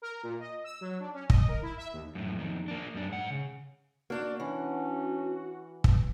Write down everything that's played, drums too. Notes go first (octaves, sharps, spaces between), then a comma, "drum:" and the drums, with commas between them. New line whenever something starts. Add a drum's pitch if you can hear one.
A#4
A#2
D#5
E6
F#3
D4
C#4
D#5, drum: kick
A#4
E4
E5
D#2
F#2 A2
F2 D#3
A#3 D4
F#2 D4
G#2 F#5
C#3
A#3 D4 F#4
E3 C#4 D4
drum: kick